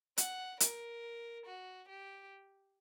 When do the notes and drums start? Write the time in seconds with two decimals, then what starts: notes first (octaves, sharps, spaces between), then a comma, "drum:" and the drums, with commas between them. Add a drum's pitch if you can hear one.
0.18 F#5, drum: hi-hat
0.60 A#4, drum: hi-hat
1.46 F#4
1.89 G4